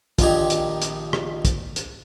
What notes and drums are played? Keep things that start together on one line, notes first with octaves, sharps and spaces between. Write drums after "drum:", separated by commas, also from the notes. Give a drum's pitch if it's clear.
A#1 A#2 D#3 G4 G#4, drum: kick, hi-hat
drum: hi-hat
drum: hi-hat
drum: rim click
drum: kick, hi-hat
drum: hi-hat